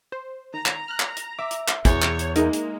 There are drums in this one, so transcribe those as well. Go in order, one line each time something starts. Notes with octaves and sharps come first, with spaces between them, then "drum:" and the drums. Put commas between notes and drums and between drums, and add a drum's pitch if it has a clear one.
C5
D#3 A#5
drum: clap
F6 F#6
drum: clap
drum: hi-hat
E5 D6
drum: hi-hat
drum: clap
E2 B2 E3 G#4 C#5, drum: kick, hi-hat
drum: clap
drum: hi-hat
G#3 A#3 D#4 E4 G#4 A#4, drum: hi-hat
drum: hi-hat